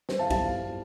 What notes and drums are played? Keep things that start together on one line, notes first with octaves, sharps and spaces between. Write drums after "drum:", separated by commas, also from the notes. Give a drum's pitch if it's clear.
G3 C5, drum: snare
F5 A5
G3 F5 A5, drum: kick B1, cymbal